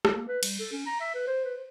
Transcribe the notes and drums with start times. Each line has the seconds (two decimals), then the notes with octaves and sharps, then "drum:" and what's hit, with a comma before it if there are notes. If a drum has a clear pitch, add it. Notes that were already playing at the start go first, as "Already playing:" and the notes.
0.05 drum: rim click
0.15 A#3
0.28 B4
0.43 G3, drum: cymbal
0.59 A4
0.72 C#4
0.87 A#5
1.01 E5
1.15 B4
1.27 C5
1.45 B4
1.57 C5